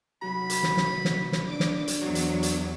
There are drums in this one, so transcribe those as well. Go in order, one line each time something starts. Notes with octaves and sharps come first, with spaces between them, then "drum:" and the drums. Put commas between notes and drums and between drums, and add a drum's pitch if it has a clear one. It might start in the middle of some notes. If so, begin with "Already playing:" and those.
C2 F#3 F#4 B5
drum: hi-hat
drum: snare
drum: snare
drum: snare
drum: snare
D4 D6
drum: snare
drum: hi-hat
E2 F#3 F#4 C5 C#5 A#5
drum: hi-hat
drum: hi-hat